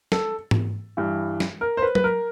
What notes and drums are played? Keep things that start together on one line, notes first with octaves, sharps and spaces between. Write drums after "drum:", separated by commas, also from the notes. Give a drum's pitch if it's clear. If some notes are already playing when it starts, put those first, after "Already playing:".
A4, drum: snare
drum: tom G#2
G2 E3
drum: snare
A#4
C5
B4
B4, drum: tom F#3
A#4